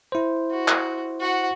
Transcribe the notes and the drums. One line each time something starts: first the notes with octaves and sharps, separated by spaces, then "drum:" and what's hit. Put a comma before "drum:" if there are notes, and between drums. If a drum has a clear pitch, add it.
E4 C5
F#4
drum: clap
F#4 F#5